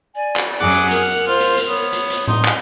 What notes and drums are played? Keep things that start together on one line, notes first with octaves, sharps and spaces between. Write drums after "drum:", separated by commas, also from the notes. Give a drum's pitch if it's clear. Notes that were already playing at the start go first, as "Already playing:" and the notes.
D5 G#5
drum: clap
F#2 F#3 G#4 F#5 D6
drum: hi-hat
A#4 F6, drum: hi-hat
F4 C5
drum: hi-hat
drum: hi-hat
B3 C#5
drum: hi-hat
drum: hi-hat
D#4 C6, drum: tom A2
drum: clap